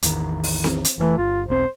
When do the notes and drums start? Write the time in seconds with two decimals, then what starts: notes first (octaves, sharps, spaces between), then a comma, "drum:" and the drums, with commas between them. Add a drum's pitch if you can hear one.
0.02 A1 E2 D#3, drum: hi-hat
0.43 drum: open hi-hat
0.64 drum: snare C4
0.85 drum: hi-hat
0.98 F1 G#2 E3 A3
1.18 G1 F4
1.48 E1 B1 C4 C5